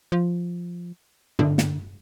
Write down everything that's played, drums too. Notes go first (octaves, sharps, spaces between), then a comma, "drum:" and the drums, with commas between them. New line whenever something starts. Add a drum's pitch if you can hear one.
F3
D3, drum: tom G2
drum: snare